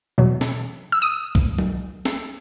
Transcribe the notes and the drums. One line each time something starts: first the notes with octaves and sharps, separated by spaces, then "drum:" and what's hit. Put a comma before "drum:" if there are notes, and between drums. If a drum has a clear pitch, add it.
E2 B2 F#3
drum: snare
E6
D#6
drum: kick B1
drum: tom F#3
drum: snare